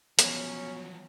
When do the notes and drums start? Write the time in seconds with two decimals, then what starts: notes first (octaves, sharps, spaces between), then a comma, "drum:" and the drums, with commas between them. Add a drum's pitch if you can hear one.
0.19 B2 F3 F#3 C#4, drum: hi-hat